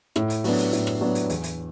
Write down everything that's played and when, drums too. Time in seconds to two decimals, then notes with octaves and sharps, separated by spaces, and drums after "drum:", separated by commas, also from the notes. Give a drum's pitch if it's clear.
0.16 A2, drum: rim click
0.30 drum: hi-hat
0.44 F#3 B3 D4, drum: open hi-hat
0.58 drum: hi-hat
0.73 A2, drum: hi-hat
0.87 drum: rim click
1.01 F#3 B3 D4
1.15 drum: hi-hat
1.30 E2, drum: hi-hat
1.44 drum: hi-hat